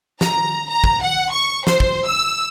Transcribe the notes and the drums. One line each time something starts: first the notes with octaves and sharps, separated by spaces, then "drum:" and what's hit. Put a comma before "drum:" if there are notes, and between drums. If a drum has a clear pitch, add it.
A#5, drum: snare
A#5
drum: kick
F#5
C#6
C5, drum: snare
drum: kick
E6